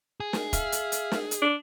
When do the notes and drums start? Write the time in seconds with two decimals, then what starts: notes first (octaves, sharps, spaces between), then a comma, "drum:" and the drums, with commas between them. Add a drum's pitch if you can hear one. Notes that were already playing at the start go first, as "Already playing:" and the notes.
0.20 G#4
0.33 drum: snare
0.53 E5 F5, drum: kick, hi-hat
0.72 drum: hi-hat
0.92 drum: hi-hat
1.12 drum: snare
1.31 drum: hi-hat
1.42 D4